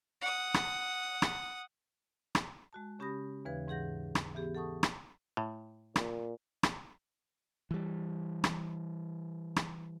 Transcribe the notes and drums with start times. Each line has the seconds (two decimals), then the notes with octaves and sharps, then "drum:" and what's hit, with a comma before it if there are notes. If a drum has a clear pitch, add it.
0.21 F#5 D#6
0.54 drum: rim click
1.22 drum: rim click
2.35 drum: rim click
2.73 G#3 F#4 A5
2.99 C#3 C#4 G4 B5 D#6 A#6
3.45 D#2 C#3 E3 B4 F5 G#6
3.68 G#2 E3 G#4 F#5 G6 A#6
4.15 drum: rim click
4.35 E3 B3 G4 G#4
4.55 A4 F#5 A5 C#6 D#6
4.83 drum: rim click
5.37 A2
5.96 A#2, drum: rim click
6.63 drum: rim click
7.71 E3 G3
8.44 drum: rim click
9.56 drum: rim click